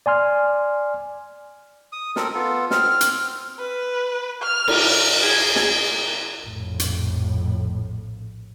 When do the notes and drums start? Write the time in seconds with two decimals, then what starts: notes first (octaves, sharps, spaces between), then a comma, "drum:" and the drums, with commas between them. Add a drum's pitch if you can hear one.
0.06 D5 G#5 C6 F6
1.92 D#6
2.16 C4 A4 A#4, drum: snare
2.35 B3 F4 A4
2.71 C4 F6, drum: snare
3.01 drum: hi-hat
3.59 B4
4.42 F6
4.68 drum: cymbal
5.22 G#4
5.56 drum: snare
6.42 A#1 F2 A2
6.79 drum: hi-hat